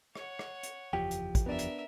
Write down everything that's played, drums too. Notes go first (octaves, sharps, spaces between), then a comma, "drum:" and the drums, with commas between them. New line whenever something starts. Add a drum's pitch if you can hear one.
C#5 F#5, drum: rim click
drum: rim click
drum: hi-hat
F#1 E2 F3 G4
drum: hi-hat
drum: kick, hi-hat
B3 D4 A#4 E5
drum: hi-hat